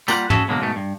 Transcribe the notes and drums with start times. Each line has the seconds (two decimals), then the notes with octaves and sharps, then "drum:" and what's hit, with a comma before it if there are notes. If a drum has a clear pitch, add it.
0.08 G3 A#3 F4 F#5, drum: tambourine
0.30 C#4 F#4 G#4 A4 E5 A5, drum: tom
0.48 B2 D3 F#3 G#3 A#3
0.61 G#2 B2 A3
0.76 G2